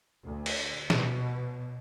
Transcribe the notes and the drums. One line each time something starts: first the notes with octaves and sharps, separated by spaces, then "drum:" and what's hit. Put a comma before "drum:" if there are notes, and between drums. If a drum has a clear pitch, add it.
D2
drum: cymbal
B2, drum: snare